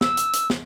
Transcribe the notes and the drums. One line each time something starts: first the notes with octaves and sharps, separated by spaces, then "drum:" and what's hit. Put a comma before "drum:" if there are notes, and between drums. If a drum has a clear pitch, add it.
E6, drum: snare
drum: hi-hat
drum: hi-hat
drum: snare